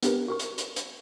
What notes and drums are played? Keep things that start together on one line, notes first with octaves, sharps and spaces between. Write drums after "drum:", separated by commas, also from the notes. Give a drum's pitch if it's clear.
B3 D4 G4 A#4 B4, drum: hi-hat
F#4 A#4 C#6
drum: hi-hat
drum: hi-hat
drum: hi-hat